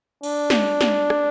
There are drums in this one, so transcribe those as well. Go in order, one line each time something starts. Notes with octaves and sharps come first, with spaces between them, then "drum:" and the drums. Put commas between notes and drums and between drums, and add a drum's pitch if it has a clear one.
D4, drum: cymbal
drum: snare
drum: snare
drum: rim click